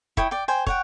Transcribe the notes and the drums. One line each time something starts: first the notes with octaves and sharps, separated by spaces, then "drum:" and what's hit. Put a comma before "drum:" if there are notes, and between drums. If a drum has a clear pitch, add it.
E4 C#5 G5 D#6, drum: kick
D5 G5
C5 G5 G#5
C#5 F#5 G5, drum: kick